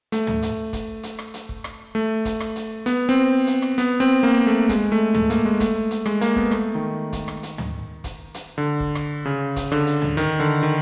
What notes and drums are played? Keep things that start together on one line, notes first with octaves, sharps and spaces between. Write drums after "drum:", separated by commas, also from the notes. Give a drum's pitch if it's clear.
A3, drum: hi-hat
drum: tom
drum: hi-hat
drum: kick, hi-hat
drum: hi-hat
drum: rim click
drum: hi-hat
drum: kick
drum: rim click
A3
drum: kick, hi-hat
drum: rim click
drum: hi-hat
B3, drum: hi-hat
C4
drum: hi-hat
drum: rim click
B3, drum: hi-hat
C4
A#3
A3
G#3, drum: kick, hi-hat
A3
A3, drum: tom
A#3, drum: hi-hat
G#3
A3, drum: kick, hi-hat
drum: hi-hat
G#3, drum: rim click
A#3, drum: hi-hat
B3, drum: kick
A3, drum: rim click
D#3
drum: kick, hi-hat
drum: rim click
drum: hi-hat
drum: tom
drum: kick, hi-hat
drum: hi-hat
D3
drum: kick
drum: rim click
C#3
drum: kick, hi-hat
D3, drum: rim click
drum: hi-hat
drum: tom
D#3, drum: hi-hat
D3
D#3